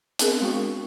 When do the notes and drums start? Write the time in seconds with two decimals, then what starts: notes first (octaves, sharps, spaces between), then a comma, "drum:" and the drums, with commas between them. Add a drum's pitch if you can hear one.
0.19 B3 C4 D4 G#4 A#4, drum: hi-hat
0.41 G#3 D4 F#4 G5 C#6